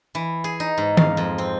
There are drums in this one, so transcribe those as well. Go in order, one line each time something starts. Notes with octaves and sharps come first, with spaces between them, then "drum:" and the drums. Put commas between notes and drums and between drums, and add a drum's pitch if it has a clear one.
E3
G#4
D#4
G#2
F5, drum: tom D#3
F2
C4